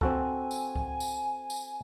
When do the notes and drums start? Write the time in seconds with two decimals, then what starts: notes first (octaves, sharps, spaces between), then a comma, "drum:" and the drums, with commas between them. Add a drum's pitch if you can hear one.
0.01 C4 F#4 A4 G#5, drum: kick C#2
0.51 drum: tambourine
0.76 drum: kick C#2
1.00 drum: tambourine
1.50 drum: tambourine